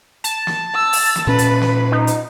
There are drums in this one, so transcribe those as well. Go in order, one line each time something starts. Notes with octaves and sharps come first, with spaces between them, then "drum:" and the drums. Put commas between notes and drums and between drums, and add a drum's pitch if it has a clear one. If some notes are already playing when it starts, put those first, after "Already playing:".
A5, drum: hi-hat
drum: snare
E6
drum: open hi-hat
drum: snare
A#2 C#4 B4
drum: hi-hat
drum: snare
D#4
drum: hi-hat